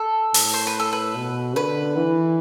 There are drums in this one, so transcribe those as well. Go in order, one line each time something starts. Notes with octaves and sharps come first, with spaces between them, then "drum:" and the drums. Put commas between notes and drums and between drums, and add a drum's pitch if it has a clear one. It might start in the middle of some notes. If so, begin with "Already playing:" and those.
Already playing: A4
A2, drum: open hi-hat
C5
B4
A4
B4
B2
D3 B4
E3